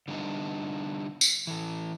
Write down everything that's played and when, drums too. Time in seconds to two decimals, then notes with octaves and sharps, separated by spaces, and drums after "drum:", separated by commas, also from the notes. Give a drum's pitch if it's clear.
0.08 D3 G3 B3 D4 D#4
1.21 drum: tambourine
1.47 E3 A4